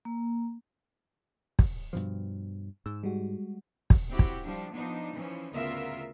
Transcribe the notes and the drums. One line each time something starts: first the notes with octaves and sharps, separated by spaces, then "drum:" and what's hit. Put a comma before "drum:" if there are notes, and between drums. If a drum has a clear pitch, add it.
A#3
drum: kick
G2 B2 F3
G#2 E6
G3 G#3 F#4
drum: kick
C4 E4 F#4 G4
drum: kick
F3 G3 D4
F3 B3 D4 D#4
E3 F3 C#4
D2 C#3 B3 F4 A#4 E5